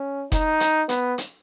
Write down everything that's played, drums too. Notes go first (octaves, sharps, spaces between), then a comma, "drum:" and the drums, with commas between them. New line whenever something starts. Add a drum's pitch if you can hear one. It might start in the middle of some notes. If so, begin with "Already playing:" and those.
Already playing: C#4
D#4, drum: kick F1, hi-hat
drum: hi-hat
B3, drum: hi-hat
drum: hi-hat